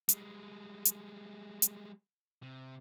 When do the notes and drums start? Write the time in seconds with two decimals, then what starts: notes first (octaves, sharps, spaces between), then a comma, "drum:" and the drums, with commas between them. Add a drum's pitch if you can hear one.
0.09 G3 G#3, drum: hi-hat
0.85 drum: hi-hat
1.62 drum: hi-hat
2.43 C3